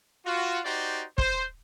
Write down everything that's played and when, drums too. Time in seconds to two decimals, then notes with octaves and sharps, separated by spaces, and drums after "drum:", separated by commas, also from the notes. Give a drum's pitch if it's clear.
0.26 F4 F#4
0.65 D#4 F#4 G4 C5 D5 C6
1.18 C5, drum: kick